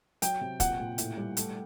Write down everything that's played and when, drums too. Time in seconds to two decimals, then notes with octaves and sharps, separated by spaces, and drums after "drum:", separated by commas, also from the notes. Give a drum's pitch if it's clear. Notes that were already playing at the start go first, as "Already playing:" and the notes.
0.22 F#3 G5, drum: hi-hat
0.41 C3
0.60 A#2 F#5, drum: kick, hi-hat
0.80 A#2
0.98 A2, drum: hi-hat
1.17 G3
1.37 A3, drum: hi-hat